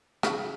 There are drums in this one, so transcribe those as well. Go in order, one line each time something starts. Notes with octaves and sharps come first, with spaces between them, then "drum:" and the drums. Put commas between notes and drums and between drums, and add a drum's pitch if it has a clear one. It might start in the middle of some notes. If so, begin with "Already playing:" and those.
C#3, drum: rim click